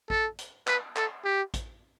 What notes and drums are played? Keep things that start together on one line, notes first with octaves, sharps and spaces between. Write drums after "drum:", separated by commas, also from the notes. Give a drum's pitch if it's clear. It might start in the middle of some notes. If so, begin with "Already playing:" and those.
A4, drum: kick A1
drum: hi-hat
B4, drum: clap
A4, drum: clap
G4
drum: kick A1, hi-hat